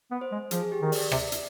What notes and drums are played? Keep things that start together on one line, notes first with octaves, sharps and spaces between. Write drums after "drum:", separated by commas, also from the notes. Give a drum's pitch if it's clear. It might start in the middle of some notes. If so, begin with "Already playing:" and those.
B3
C5
G#3
F3 G#4, drum: hi-hat
G#4
G4
D#3
D5, drum: open hi-hat
C3, drum: rim click
drum: hi-hat